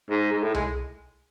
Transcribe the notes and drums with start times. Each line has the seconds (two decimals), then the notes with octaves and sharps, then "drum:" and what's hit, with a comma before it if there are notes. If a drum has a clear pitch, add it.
0.10 G#2
0.32 G#2
0.43 A2
0.54 G#3, drum: tom C2